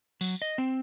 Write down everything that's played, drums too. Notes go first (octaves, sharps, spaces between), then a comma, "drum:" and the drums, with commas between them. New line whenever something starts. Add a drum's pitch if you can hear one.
F#3, drum: tambourine
D#5
C4